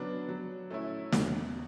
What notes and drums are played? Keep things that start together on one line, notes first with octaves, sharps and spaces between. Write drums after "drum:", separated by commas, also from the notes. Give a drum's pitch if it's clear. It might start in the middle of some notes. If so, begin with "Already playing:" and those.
Already playing: C#3 F#3 B3 D4
F#3
A3 C#4 E4
E2, drum: snare